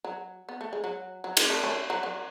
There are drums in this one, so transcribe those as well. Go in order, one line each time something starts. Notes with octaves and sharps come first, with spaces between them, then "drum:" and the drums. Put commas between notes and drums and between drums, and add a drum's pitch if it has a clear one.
F#3
B3
A3
G#3
F#3
F#3
G#3, drum: cymbal
A3
A3 C#4
F#3
F#3